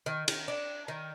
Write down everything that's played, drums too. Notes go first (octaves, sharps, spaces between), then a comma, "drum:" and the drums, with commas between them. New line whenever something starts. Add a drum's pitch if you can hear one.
D#3
D#3, drum: cymbal
D4
D#3